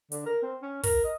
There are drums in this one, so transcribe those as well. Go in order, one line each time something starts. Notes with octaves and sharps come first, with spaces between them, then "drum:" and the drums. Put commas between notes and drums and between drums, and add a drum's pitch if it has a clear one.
D3, drum: hi-hat
A#4
C4
C#4
A#4, drum: kick, open hi-hat
D#5